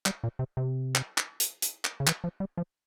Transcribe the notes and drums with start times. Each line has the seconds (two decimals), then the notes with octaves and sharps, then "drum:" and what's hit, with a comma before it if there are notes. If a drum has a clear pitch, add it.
0.06 G3, drum: clap
0.24 A#2
0.39 C3
0.57 C3
0.95 drum: clap
1.18 drum: clap
1.40 drum: hi-hat
1.62 drum: hi-hat
1.85 drum: clap
2.00 C#3
2.07 E3, drum: clap
2.24 F3
2.40 G3
2.57 F3